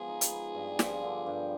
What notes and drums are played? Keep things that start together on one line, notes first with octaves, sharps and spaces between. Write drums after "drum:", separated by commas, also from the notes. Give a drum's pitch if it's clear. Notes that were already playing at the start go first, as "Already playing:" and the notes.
Already playing: F3 G#3 B3 G#4
D#4
drum: hi-hat
B3
G2
F3, drum: snare
D3
G2